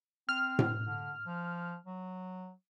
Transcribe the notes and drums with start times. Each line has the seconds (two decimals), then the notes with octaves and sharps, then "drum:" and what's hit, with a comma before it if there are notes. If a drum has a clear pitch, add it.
0.29 C4 F6
0.59 drum: tom A2
0.87 D3
1.26 F3
1.86 F#3